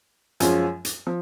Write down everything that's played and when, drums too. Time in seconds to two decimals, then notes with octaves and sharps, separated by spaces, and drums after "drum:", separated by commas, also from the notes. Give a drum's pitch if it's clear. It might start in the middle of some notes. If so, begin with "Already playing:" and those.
0.40 F#2 F3 G#3 C#4 F4, drum: hi-hat
0.85 drum: hi-hat
1.07 F3